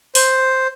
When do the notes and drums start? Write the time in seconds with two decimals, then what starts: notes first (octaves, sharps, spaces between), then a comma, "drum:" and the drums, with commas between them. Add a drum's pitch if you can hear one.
0.15 C5, drum: open hi-hat